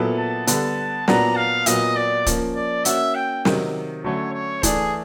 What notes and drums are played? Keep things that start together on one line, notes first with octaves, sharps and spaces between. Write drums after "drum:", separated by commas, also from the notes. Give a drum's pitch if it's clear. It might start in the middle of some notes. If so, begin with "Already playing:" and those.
Already playing: A#2 F#3 B3 E4 A4
A5
D3 G3 B3 A5, drum: hi-hat
A#2 F#3 B3 D4 F#4 A#5, drum: snare
F5
A#2 F#3 B3 D#5, drum: hi-hat
D5
F3 A#3 C#4, drum: kick D1, hi-hat
D5
A#3 C#4 F#4 E5, drum: hi-hat
G5
C3 D#3 F#3, drum: snare
D3 F#3 A3 C#4 C#5
C#5
E3 A3 D4 G#4, drum: kick D1, hi-hat